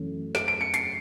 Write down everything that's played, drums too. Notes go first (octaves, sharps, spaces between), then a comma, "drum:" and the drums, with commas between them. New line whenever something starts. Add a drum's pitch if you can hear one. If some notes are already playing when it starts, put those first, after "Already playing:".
Already playing: F#2 C#3 E3 A3 C#4
D7, drum: snare
D7
C#7
C7, drum: hi-hat